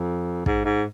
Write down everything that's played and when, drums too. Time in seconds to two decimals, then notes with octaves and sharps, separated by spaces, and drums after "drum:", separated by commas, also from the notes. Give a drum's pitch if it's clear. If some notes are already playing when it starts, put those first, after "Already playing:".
Already playing: F2
0.46 G#2, drum: kick
0.65 G#2